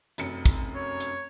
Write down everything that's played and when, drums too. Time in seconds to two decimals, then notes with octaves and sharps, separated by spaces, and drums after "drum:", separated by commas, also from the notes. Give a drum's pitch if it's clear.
0.18 F1 F#2 C#7, drum: hi-hat
0.46 drum: kick, hi-hat
0.76 C#5
1.00 drum: hi-hat